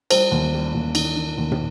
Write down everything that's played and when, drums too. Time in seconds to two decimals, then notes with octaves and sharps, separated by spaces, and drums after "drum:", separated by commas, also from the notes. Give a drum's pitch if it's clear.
0.11 G3 C5, drum: cymbal
0.32 D#2
0.54 G3
0.74 D#2
0.95 D#3, drum: cymbal
1.16 D#3
1.38 D#2
1.52 drum: tom